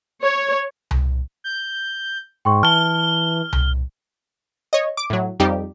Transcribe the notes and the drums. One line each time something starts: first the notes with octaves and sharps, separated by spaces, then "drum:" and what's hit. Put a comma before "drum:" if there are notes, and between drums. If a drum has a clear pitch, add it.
C#5
drum: tom C2
G6
G#2 G5 C6 C#6
E3 A5 F6 G7
drum: tom C2
C#5 D#5
D6
A2 F#3
F2 G3 D#4 G4